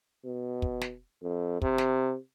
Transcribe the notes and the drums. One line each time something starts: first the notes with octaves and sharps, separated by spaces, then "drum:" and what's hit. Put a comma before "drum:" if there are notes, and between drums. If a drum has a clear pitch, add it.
B2
drum: kick
drum: snare
F2
C3, drum: kick
drum: snare